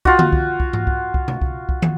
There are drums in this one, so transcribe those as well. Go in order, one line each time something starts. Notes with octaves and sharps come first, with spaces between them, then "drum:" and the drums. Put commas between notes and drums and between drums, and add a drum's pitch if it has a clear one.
F4 F#4, drum: kick C2
drum: tom D3
drum: kick C2
drum: kick C2
drum: tom G#2
drum: kick C2
drum: kick C2
drum: tom B2
drum: kick C2
drum: kick C2
drum: tom